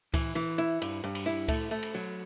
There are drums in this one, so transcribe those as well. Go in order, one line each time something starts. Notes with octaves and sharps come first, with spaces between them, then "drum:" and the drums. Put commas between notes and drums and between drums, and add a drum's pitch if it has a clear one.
E3, drum: kick C#2, cymbal
E3
E4
G2, drum: cymbal
G2
drum: cymbal
E4
A3, drum: kick C#2, cymbal
A3
drum: cymbal
F#3